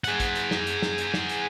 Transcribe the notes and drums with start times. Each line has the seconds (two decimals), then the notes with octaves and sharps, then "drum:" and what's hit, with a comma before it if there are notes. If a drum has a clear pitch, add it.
0.04 G#4 F#5, drum: hi-hat
0.20 drum: kick, hi-hat
0.35 drum: hi-hat
0.51 drum: snare
0.67 drum: hi-hat
0.82 drum: snare
0.98 drum: hi-hat
1.14 drum: snare
1.29 drum: hi-hat